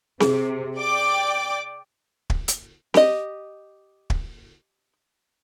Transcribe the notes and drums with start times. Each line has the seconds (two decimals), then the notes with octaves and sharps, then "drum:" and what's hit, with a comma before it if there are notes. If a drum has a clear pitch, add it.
0.20 C3 G#4, drum: snare C4
0.78 D5 G5 D6
2.30 drum: kick
2.48 drum: hi-hat
2.94 G4 D#5, drum: snare C4
4.10 drum: kick